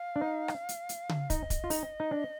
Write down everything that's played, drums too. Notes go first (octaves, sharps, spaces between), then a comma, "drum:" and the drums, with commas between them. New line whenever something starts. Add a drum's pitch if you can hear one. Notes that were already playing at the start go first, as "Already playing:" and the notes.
Already playing: F5
D4
D#4
drum: rim click
drum: hi-hat
drum: hi-hat
drum: tom C#3
D#4 D#5, drum: kick, hi-hat
drum: kick, hi-hat
F4
D#4, drum: open hi-hat
D#4
D4